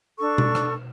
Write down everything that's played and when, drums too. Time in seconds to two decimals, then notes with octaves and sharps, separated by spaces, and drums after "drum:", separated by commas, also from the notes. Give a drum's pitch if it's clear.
0.18 D4 A4 C#6
0.38 drum: tom B2
0.55 drum: rim click